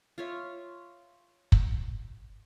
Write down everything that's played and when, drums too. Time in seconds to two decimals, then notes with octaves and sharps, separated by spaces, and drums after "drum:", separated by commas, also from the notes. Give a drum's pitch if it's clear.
0.18 F4 C#5 E5
1.52 drum: kick